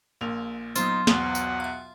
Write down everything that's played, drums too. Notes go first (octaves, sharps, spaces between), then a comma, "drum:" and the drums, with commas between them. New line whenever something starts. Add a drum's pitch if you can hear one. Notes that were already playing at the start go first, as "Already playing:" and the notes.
A#1 A#2 F7
F#3 B3 D#4 F4 C5, drum: tambourine
B1 E2 B2 F#5, drum: snare
drum: tambourine
E5 F5